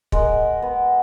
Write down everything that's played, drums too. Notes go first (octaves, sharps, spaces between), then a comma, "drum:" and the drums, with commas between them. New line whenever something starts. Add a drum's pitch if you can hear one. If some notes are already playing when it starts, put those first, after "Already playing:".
G#3 A#4 D#5 F#5, drum: kick
B3